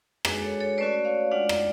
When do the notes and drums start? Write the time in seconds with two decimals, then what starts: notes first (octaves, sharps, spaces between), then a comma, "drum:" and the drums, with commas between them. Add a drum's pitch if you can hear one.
0.25 G#3 D4 F#4 G#4 B4, drum: rim click
0.43 A4 C#5
0.60 A4 C#5
0.78 A3 C#4 F#4 B4 D5
1.05 C#5 F5
1.31 G#3 D4 F4 D5 F#5
1.49 drum: rim click